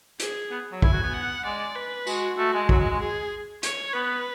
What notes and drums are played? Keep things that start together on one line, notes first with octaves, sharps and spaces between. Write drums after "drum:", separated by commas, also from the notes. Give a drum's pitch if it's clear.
G#4, drum: hi-hat
B3
F#3
E4 G#5, drum: kick
F#4
B3
F#5
G#3 D5
B4
G#3 F#4, drum: tambourine
A3 F#4
G#3
F#3 F#4, drum: kick
G#3
G#3
G#4
C#5, drum: hi-hat
B3 B4